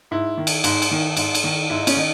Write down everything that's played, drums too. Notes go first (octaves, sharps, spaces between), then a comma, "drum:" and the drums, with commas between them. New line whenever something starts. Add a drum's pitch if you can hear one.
G#2 E4
D#3
drum: cymbal
G#2, drum: cymbal
drum: cymbal
D#3
G#2, drum: cymbal
drum: cymbal
D#3
G#2 E4
D#4
C#4, drum: cymbal
D#3 D#4